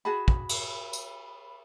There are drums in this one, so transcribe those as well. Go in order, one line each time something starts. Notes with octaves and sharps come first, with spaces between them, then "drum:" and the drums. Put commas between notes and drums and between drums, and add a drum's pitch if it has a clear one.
F#4 G#4 A5 B5
drum: kick
drum: cymbal
drum: tambourine